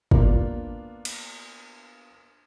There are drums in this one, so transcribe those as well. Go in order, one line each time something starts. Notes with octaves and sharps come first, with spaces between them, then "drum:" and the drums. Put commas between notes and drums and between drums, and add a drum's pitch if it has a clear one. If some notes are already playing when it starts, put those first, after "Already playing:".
A#3 B3 D4 F4, drum: kick G1
drum: cymbal